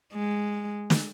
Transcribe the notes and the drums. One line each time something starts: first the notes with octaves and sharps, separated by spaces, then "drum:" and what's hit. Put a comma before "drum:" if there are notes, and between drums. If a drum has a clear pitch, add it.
G#3
drum: snare